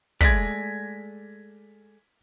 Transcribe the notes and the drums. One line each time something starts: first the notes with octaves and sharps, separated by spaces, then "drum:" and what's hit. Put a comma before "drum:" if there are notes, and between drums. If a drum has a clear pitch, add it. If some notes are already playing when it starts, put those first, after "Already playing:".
G#3 A3 D5 G#6 A#6 B6, drum: kick